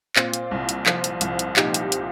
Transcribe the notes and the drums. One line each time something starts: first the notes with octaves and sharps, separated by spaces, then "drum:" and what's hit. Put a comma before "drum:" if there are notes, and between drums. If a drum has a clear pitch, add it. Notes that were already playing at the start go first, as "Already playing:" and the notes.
A#2 C4 F4, drum: clap
drum: hi-hat
C2
drum: hi-hat
F3, drum: clap
drum: hi-hat
C2, drum: hi-hat
drum: hi-hat
A#2 D#4 G4, drum: clap
drum: hi-hat
drum: hi-hat